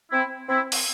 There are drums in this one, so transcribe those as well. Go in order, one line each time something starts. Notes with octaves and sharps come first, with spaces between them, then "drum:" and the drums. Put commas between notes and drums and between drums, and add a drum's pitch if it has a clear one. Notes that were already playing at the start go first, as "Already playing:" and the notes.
C4 E4
C4 E4
drum: open hi-hat